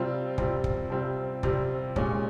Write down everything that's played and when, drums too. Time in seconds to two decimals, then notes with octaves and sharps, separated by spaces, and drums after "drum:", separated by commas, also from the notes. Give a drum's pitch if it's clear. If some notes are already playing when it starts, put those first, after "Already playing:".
Already playing: C3 G3 C4 F4
0.38 C3 G3 C4 F4, drum: kick
0.64 drum: kick
0.90 C3 G3 C4 F4
1.43 C3 G3 C4 F4, drum: kick
1.96 A#2 G#3 C#4, drum: kick